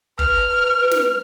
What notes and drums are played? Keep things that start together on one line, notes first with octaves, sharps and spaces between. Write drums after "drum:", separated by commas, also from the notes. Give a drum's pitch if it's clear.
B4 F6, drum: kick
drum: snare